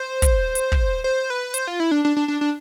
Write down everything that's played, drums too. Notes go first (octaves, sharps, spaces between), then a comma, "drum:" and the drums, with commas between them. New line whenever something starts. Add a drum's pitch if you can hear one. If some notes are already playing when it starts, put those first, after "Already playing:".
Already playing: C5
drum: kick, hi-hat
drum: hi-hat
drum: kick
C5
B4
C5, drum: hi-hat
F4
E4
D4
D4
D4
D4
D4